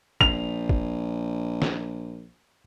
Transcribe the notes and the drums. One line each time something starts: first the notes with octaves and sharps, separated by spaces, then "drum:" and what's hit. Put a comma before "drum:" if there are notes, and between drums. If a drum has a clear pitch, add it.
A#1 F7, drum: kick
drum: kick
drum: snare